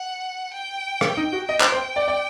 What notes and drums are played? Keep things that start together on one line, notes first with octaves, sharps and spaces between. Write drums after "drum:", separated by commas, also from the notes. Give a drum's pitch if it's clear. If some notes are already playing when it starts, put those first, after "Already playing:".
Already playing: F#5
G5
A#3, drum: rim click
D#4
F#4
D#5 G5
C5, drum: clap
C5
D5
D5